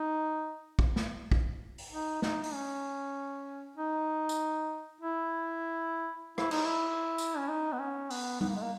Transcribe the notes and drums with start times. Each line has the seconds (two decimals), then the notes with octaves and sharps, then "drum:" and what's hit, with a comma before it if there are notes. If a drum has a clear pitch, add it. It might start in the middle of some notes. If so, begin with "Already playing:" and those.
Already playing: D#4
0.79 drum: kick
0.96 drum: snare
1.32 drum: kick
1.78 drum: open hi-hat
1.92 D#4
2.22 D#4, drum: snare
2.43 D#4, drum: open hi-hat
2.53 C#4
3.77 D#4
4.29 drum: tambourine
5.01 E4
6.38 E4, drum: rim click
6.51 D#4, drum: cymbal
6.65 E4
7.18 drum: tambourine
7.37 C#4
7.48 D#4
7.73 B3
7.79 C#4
8.10 B3, drum: open hi-hat
8.41 B3, drum: tom G3
8.48 A#3
8.56 G#3
8.63 A#3